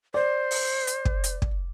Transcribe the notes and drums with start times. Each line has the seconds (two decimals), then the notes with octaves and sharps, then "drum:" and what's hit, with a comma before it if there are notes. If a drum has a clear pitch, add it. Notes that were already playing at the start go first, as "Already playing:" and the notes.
0.14 C5 D5
0.51 drum: open hi-hat
0.87 drum: hi-hat
1.05 drum: kick
1.24 drum: hi-hat
1.42 drum: kick